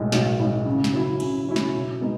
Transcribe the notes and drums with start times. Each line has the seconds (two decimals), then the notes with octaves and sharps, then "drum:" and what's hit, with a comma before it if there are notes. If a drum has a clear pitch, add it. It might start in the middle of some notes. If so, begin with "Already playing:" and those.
Already playing: B1 A2 G#3
0.12 B1, drum: snare
0.39 A2 G#3
0.66 C#3
0.84 drum: snare
0.93 F#3 C#4 E4
1.20 C#3, drum: cymbal
1.47 F#3 C#4 E4
1.56 drum: snare
1.74 B2
2.01 G#3 B3 D#4